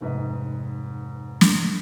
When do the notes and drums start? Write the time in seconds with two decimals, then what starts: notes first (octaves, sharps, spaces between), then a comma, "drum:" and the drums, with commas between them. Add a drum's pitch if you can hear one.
0.01 F1 G#2 B4 D#5
1.41 drum: snare